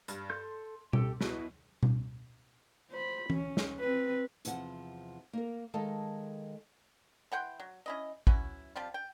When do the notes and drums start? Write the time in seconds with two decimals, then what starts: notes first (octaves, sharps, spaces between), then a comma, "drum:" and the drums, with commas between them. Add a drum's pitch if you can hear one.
0.08 G2, drum: hi-hat
0.30 A4 C6 G6
0.93 G4 A4, drum: tom B2
1.21 B2 F#3 E4 B4, drum: snare
1.83 drum: tom B2
2.91 C5 B5
3.30 C#4, drum: tom E3
3.57 drum: snare
3.80 C4 B4
4.45 E2 C3 F3 F#5, drum: hi-hat
5.33 A#3 A#4
5.74 D#3 G#3 A4 F5 A5
7.32 E3 F#5 G5 C6
7.60 F#3
7.86 C#4 E4 D#5
8.27 E3 F#3 C#4 E4, drum: kick
8.76 F3 G3 C4 F4
8.94 G5